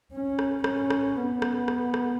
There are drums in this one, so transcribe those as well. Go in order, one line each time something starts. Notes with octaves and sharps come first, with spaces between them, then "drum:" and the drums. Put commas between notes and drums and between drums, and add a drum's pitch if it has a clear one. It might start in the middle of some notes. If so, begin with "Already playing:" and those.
C#4
drum: rim click
C#4, drum: rim click
drum: rim click
B3
drum: rim click
drum: rim click
drum: rim click